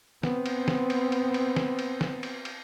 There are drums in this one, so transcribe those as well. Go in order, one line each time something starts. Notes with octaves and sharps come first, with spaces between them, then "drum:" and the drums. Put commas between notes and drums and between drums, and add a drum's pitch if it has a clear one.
B3 C4, drum: snare
drum: cymbal
drum: snare
drum: cymbal
drum: cymbal
drum: cymbal
drum: snare
drum: cymbal
drum: snare
drum: cymbal
drum: cymbal